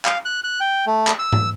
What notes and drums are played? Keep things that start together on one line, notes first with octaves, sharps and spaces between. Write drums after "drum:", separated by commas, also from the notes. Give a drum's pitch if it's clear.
F5, drum: clap
F#6
F#6
G5
A3
drum: clap
E6
drum: tom G#2